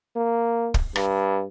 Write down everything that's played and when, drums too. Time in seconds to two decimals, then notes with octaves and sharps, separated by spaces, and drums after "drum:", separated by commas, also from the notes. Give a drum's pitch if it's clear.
0.16 A#3
0.74 drum: kick
0.96 G2, drum: rim click